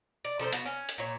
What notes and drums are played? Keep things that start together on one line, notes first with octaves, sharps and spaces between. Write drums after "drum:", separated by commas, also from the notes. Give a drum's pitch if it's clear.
D5
F3 A4 A#4 C5
B3 F#4, drum: hi-hat
C#4
drum: hi-hat
A#2 C#5